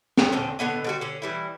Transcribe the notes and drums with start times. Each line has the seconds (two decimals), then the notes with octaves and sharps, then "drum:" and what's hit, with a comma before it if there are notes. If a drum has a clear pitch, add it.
0.18 G5, drum: snare
0.32 A#2 D3 F3 C4
0.59 A2 D3 B3 D#5
0.84 D3 G3 F#4
1.01 D3 C#4
1.22 E3 G3 E4